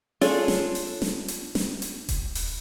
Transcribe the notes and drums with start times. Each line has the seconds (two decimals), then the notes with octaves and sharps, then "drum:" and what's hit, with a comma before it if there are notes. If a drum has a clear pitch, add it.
0.21 D4 F4 G#4 A4 C#5, drum: open hi-hat
0.48 drum: snare
0.75 drum: open hi-hat
1.02 drum: snare
1.28 drum: hi-hat
1.55 drum: snare
1.82 drum: hi-hat
2.09 drum: kick D#1, hi-hat
2.35 drum: open hi-hat